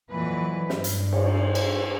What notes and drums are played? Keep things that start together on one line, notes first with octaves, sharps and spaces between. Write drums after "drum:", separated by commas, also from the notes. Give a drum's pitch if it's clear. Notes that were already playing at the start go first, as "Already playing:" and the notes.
F2 A#2 E3 F#3 B4
G2, drum: snare
drum: hi-hat
drum: cymbal
drum: cymbal